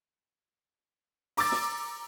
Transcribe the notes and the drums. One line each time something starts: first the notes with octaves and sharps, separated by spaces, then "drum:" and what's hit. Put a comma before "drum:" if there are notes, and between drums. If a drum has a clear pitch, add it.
A#5 D6 E6 A6, drum: open hi-hat
drum: snare